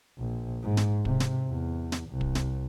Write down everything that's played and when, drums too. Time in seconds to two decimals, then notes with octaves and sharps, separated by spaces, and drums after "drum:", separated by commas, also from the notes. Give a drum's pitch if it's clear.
0.18 A#1
0.63 G#2
0.77 drum: snare
1.05 C3, drum: kick
1.20 drum: snare
1.48 E2
1.92 drum: snare
2.10 C2
2.21 drum: kick
2.35 drum: snare